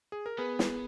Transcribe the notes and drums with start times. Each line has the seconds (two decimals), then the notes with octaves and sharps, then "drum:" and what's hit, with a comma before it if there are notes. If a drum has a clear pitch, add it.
0.12 G#4
0.26 A#4
0.38 B3 G#4 B4
0.59 drum: snare